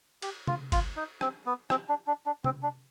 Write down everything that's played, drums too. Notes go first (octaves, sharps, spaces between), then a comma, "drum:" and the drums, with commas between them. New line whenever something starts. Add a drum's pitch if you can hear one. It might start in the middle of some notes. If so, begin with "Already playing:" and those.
G4, drum: cymbal
F4, drum: tom
F4, drum: kick G1, cymbal
D#4
C4, drum: rim click
B3
C4, drum: rim click
D4
D4
D4
C4, drum: tom
D4